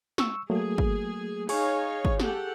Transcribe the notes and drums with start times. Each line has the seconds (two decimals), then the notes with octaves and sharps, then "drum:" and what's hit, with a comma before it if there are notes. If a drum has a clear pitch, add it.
0.18 C#6 E6, drum: snare
0.50 F#3 A3 A#3 G#4
0.78 drum: kick
1.49 D#4 G#4 C#5 F5 G#5 C#6, drum: open hi-hat
2.05 drum: kick
2.20 G4 A4 F#5, drum: snare